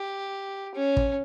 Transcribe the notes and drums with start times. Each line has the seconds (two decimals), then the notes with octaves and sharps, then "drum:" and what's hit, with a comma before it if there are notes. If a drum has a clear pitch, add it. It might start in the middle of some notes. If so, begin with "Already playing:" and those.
Already playing: G4
0.75 C#4
0.97 drum: kick